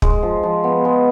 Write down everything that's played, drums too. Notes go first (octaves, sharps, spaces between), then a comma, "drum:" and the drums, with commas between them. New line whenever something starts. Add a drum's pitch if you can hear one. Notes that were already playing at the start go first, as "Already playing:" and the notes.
G#3, drum: kick
F3
F3
B3
G#3